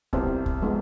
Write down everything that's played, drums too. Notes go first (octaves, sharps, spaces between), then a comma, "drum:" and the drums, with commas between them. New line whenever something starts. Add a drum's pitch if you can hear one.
C2 C3 B3 E4 G4 C5, drum: kick
drum: kick
F3 G#3 B3 D#4